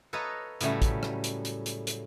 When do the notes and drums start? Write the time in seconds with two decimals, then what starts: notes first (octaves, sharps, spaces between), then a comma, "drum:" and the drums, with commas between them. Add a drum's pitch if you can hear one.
0.13 A4 B4 C#5 D#5 F5 A#5
0.61 A2 C#3 F#3 G3 A3 C#4, drum: hi-hat
0.82 drum: kick, hi-hat
1.03 drum: rim click
1.24 drum: hi-hat
1.45 drum: hi-hat
1.66 drum: hi-hat
1.87 drum: hi-hat